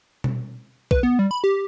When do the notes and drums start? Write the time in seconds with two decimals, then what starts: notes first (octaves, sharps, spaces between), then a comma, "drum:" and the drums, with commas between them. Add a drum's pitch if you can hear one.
0.24 drum: tom B2
0.91 B4, drum: kick
1.03 B3
1.19 G3
1.31 B5
1.44 G4